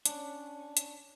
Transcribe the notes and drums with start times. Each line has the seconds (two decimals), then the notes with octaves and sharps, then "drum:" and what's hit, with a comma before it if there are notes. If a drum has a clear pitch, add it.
0.05 C#4 D4, drum: hi-hat
0.77 drum: hi-hat